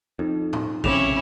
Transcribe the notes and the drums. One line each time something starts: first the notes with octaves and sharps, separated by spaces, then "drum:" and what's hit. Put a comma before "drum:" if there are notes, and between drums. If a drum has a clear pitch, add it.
F2 D#4
drum: tom A2
F1 C#3 C4 C#4 E4 D6 E7 F7, drum: kick